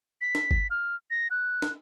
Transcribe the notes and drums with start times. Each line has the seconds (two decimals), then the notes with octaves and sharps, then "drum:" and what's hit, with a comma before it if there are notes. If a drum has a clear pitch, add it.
0.21 B6
0.35 drum: snare
0.51 drum: kick G1
0.70 F6
1.10 A#6
1.31 F#6
1.62 drum: snare